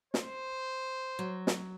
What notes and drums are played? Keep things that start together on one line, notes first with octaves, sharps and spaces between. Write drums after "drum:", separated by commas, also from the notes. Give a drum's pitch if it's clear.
C5, drum: snare
F#3
drum: snare